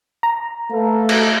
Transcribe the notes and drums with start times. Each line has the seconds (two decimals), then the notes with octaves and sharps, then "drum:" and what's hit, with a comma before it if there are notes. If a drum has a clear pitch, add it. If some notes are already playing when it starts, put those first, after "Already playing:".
0.23 A#5
0.71 A3 A4 B4 F5
1.09 drum: cymbal